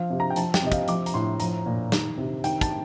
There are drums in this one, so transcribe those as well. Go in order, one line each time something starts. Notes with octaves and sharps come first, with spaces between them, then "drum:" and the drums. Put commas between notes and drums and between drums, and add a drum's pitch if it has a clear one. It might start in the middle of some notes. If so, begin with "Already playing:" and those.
Already playing: F3 F5
C3
A#5
G5
F3 A5, drum: hi-hat
G5, drum: snare
C3 D#5
F5, drum: kick, hi-hat
F3 D6, drum: hi-hat
A#5, drum: hi-hat
A2 C6
F3 A#5, drum: hi-hat
A#2
D#3, drum: snare
C3
D#3 G5, drum: hi-hat
A5, drum: kick, hi-hat